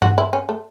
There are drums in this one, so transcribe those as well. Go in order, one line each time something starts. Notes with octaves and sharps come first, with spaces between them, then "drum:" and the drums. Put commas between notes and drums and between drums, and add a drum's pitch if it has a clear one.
F#4, drum: tom G2
E4
C#4
A3